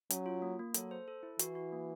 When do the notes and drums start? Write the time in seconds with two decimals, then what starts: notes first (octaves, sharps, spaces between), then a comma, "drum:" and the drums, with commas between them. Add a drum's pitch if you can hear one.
0.10 F#3 C#4, drum: hi-hat
0.26 F4
0.42 A#3
0.59 A#3
0.74 F#3 A4, drum: hi-hat
0.91 C5
1.08 A4
1.23 E4
1.39 E3 F#4, drum: hi-hat
1.55 F#4
1.72 A#3